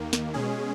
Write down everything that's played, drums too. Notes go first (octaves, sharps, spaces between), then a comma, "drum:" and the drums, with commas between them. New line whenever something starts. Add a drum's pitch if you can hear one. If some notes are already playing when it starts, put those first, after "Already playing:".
Already playing: D#2 D#3 A#3
drum: snare
B2 G#3 C#4 G#4